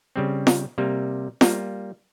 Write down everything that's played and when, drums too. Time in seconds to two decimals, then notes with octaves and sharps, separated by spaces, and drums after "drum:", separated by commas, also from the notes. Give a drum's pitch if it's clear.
0.16 C#3 G3 C4
0.47 drum: snare
0.78 C3 G3 A#3
1.41 G3 A#3 F4, drum: snare